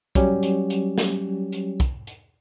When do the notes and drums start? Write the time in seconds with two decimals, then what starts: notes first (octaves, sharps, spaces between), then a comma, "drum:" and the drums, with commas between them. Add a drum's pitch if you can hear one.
0.15 F#3 G3 C#4 G4, drum: kick, hi-hat
0.43 drum: hi-hat
0.70 drum: hi-hat
0.98 drum: snare
1.52 drum: hi-hat
1.80 drum: kick, hi-hat
2.07 drum: hi-hat